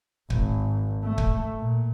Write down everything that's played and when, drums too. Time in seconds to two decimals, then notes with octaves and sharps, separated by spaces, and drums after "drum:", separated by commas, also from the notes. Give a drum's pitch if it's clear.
0.30 G#1, drum: kick
1.03 A3
1.18 drum: kick
1.60 A#2